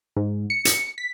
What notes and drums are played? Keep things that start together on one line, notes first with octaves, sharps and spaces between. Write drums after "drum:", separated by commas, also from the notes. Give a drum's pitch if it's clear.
G#2
C#7
drum: hi-hat
B6